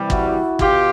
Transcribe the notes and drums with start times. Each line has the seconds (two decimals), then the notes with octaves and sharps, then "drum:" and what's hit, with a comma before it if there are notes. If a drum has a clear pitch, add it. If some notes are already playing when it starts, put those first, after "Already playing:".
Already playing: C3 E3 G3
0.10 E4 F#4, drum: kick
0.59 B2 F4 G4, drum: kick